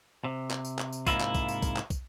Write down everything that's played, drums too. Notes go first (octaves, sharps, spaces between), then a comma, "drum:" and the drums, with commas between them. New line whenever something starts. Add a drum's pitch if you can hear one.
C3
drum: clap
drum: tambourine
drum: clap
drum: tambourine
G#2 C3 A#3 E4 F4, drum: kick, tambourine
drum: clap
drum: kick, tambourine
drum: tambourine
drum: kick, tambourine
drum: clap
drum: kick, tambourine